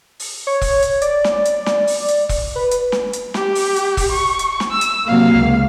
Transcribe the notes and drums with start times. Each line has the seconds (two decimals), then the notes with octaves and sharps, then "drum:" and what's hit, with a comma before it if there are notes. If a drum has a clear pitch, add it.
0.20 drum: open hi-hat
0.47 C#5
0.61 drum: kick E1, open hi-hat
0.82 drum: hi-hat
1.02 D5, drum: hi-hat
1.24 drum: snare
1.45 drum: hi-hat
1.66 drum: snare
1.87 drum: open hi-hat
2.08 drum: hi-hat
2.29 drum: kick E1, open hi-hat
2.56 B4
2.71 drum: hi-hat
2.92 drum: snare
3.13 drum: hi-hat
3.34 G4, drum: snare
3.55 drum: open hi-hat
3.76 drum: hi-hat
3.97 drum: kick E1, open hi-hat
4.12 C#6
4.39 drum: hi-hat
4.60 drum: snare
4.71 E6
4.81 drum: hi-hat
5.07 C3 F#3 A#3 F5
5.36 C#2